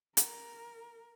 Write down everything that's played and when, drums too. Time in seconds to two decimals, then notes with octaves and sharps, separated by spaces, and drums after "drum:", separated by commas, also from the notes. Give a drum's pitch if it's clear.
0.17 A#4, drum: hi-hat